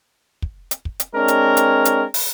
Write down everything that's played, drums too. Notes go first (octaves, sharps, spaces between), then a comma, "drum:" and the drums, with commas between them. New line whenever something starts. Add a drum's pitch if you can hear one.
drum: kick
drum: hi-hat
drum: kick
drum: hi-hat
G#3 C4 D4 A#4 C#5
drum: hi-hat
drum: hi-hat
drum: hi-hat
drum: open hi-hat